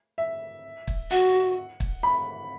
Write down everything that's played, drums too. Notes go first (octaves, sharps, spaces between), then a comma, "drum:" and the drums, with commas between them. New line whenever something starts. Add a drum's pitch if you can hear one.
E5
drum: kick
F#4 F#5
drum: kick
B5